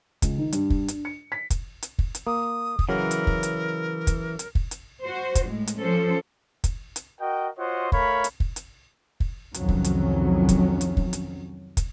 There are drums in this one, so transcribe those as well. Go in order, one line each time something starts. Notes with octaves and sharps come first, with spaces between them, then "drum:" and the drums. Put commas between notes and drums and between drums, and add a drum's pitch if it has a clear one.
C#2, drum: kick, hi-hat
D#3
G2, drum: hi-hat
drum: kick
D4, drum: hi-hat
C#7
B6
drum: kick, hi-hat
drum: hi-hat
drum: kick
drum: hi-hat
A#3 D#6
drum: kick
C#3 E3 F#3 A#4
drum: hi-hat
drum: kick
drum: hi-hat
drum: kick, hi-hat
drum: hi-hat
drum: kick
drum: hi-hat
F#4 C5
drum: kick, hi-hat
A2 G#3
drum: hi-hat
F3 C#4 A4 C5
drum: kick, hi-hat
drum: hi-hat
F#4 A#4 D#5 G5
F4 F#4 C5 C#5 D#5 F#5
A3 A#4 C#5 F5 B5, drum: kick
drum: hi-hat
drum: kick
drum: hi-hat
drum: kick
C2 F2 D#3 F#3 C#4, drum: hi-hat
drum: kick
drum: hi-hat
drum: kick, hi-hat
drum: hi-hat
drum: kick
drum: hi-hat
drum: kick, hi-hat